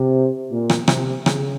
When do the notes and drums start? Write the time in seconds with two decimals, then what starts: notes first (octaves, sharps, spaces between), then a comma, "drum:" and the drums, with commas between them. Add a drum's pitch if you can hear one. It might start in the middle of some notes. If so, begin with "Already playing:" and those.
Already playing: C3
0.51 A#2
0.70 drum: rim click
0.88 C3, drum: rim click
1.26 C#3, drum: rim click